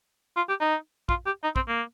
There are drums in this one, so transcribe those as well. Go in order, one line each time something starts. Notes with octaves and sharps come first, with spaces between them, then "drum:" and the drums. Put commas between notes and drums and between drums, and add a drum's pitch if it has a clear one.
F4
G4
D#4
F4, drum: kick
G4
D#4
C4, drum: kick
A#3